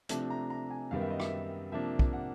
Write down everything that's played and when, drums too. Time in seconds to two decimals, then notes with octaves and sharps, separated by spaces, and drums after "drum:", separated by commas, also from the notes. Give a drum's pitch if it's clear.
0.09 C3 F3 A3 D4, drum: hi-hat
0.30 A#5
0.50 A#5
0.70 G#5
0.91 F#2 D#3 G3 B3 F5
1.01 E5
1.11 D#5
1.20 E5, drum: rim click
1.72 C3 F3 A#3 D4 E5
1.99 drum: kick B1
2.13 F#5